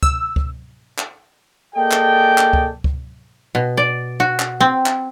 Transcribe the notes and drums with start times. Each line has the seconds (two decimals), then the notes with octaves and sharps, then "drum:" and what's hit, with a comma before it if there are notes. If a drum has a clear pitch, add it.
0.03 E6, drum: kick C#2
0.36 drum: kick C#2
0.98 drum: clap
1.75 A#3 G#4 A4 D5 D#5 G5
1.91 drum: clap
2.38 drum: clap
2.53 drum: kick C#2
2.84 drum: kick C#2
3.55 B2
3.77 D5
4.20 F#4
4.40 drum: clap
4.60 C4
4.86 drum: clap